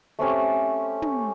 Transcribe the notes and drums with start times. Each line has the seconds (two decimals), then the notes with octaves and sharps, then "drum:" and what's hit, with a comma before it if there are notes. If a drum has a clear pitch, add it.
0.19 A3 C4 C#4 G4
1.02 drum: tom